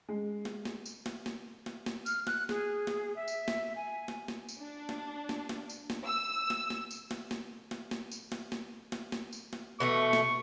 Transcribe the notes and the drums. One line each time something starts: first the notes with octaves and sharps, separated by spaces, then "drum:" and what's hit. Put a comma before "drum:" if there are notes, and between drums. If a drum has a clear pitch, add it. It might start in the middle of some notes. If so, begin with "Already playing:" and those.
G#3
drum: snare
drum: snare
drum: tambourine
drum: snare
drum: snare
drum: snare
drum: snare
F6, drum: tambourine
F#6, drum: snare
G#4, drum: snare
drum: snare
E5
drum: tambourine
drum: snare
G#5
drum: snare
drum: snare
drum: tambourine
D4
drum: snare
drum: snare
drum: snare
drum: tambourine
drum: snare
E6
drum: snare
drum: snare
drum: tambourine
drum: snare
drum: snare
drum: snare
drum: snare
drum: tambourine
drum: snare
drum: snare
drum: snare
drum: snare
drum: tambourine
drum: snare
B2 E3 A3 C#6
drum: snare